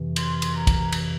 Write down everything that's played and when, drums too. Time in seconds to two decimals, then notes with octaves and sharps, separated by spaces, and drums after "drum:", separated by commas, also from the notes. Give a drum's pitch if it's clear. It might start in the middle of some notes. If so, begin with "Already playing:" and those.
Already playing: F2 C3 E3
0.16 C6, drum: cymbal
0.42 drum: cymbal
0.55 A#5
0.67 drum: kick, cymbal
0.92 drum: cymbal